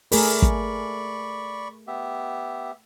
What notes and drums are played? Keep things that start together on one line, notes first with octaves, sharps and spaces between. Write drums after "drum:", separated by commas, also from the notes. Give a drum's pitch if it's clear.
A3 G#4 A#4 D5 B5 C#6, drum: open hi-hat
drum: kick
B3 G4 E5